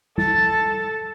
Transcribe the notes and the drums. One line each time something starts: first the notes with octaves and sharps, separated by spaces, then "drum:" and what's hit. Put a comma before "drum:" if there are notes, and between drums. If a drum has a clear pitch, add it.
A4 A6, drum: tom G3